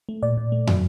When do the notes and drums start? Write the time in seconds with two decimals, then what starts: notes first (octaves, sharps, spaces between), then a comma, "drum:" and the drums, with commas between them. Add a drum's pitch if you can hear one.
0.09 A3
0.23 A#2 D5
0.37 A#2
0.52 A3
0.67 F#3, drum: tom